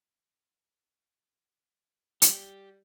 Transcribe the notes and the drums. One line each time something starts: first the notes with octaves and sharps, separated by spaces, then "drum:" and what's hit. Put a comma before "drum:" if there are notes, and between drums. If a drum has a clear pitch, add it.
G3 G4, drum: hi-hat